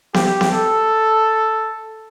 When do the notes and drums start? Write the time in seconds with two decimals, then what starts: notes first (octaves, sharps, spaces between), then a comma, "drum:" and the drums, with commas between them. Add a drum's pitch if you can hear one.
0.14 G4, drum: snare B3
0.41 drum: snare B3
0.52 A4